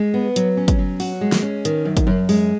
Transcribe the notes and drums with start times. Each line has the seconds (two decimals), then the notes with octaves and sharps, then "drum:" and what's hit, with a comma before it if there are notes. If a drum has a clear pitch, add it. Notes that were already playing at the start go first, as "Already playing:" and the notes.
Already playing: G#3
0.14 B3
0.36 F#3, drum: hi-hat
0.57 C#4
0.68 drum: kick, hi-hat
0.79 F#3
1.00 F#4, drum: open hi-hat
1.21 G#3
1.32 drum: snare
1.42 C#4
1.65 D#3, drum: hi-hat
1.85 F#2
1.97 drum: kick, hi-hat
2.07 F#2
2.29 G#3, drum: open hi-hat